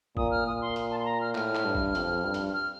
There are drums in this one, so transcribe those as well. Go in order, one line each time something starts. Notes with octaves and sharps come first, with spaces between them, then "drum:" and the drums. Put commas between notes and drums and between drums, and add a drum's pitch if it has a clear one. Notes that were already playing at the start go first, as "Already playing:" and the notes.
A#2 D#6, drum: kick
F6
A#2 D#6
C6
drum: hi-hat
A5
C6
A#5
F6
A2 F6, drum: clap
drum: clap
G2
drum: kick
F2, drum: hi-hat
G2
drum: hi-hat
F6